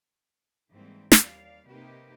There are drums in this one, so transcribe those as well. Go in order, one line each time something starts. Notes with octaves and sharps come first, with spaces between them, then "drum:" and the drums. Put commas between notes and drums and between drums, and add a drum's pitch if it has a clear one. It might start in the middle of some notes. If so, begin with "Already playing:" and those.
G#2 E3 G3 A#3 C4
D#2 G3 D5 F5, drum: snare
C3 A#3 D#4 G4 B4